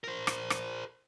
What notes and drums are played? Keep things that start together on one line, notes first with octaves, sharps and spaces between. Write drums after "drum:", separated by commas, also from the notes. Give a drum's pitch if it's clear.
A#4 C5
drum: rim click
drum: rim click